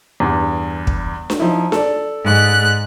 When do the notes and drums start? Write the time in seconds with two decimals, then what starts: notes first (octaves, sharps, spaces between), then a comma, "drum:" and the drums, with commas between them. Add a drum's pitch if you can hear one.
0.20 E2 G2
0.87 drum: kick
1.30 drum: snare D4
1.39 F3 D#4 E4
1.72 A4 D5, drum: snare D4
2.24 G#2 F#6